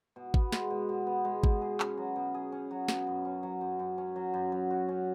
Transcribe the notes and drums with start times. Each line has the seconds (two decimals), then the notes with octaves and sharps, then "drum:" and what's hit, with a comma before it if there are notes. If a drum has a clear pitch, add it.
0.16 B2
0.34 B3, drum: kick G#1
0.52 G#3, drum: snare
0.70 B2
0.89 B2
1.07 B3
1.25 G#3
1.44 B2, drum: kick G#1
1.62 G#4
1.80 C#4, drum: clap
1.97 F#3
2.16 B2
2.34 G#4
2.52 C#4
2.71 F#3
2.88 B2, drum: snare
3.07 F#2
3.25 C#4
3.43 F#3
3.61 F#2
3.79 F#2
3.98 C#4
4.16 F#3
4.34 F#2
4.52 F#3
4.71 F#4
4.89 C#4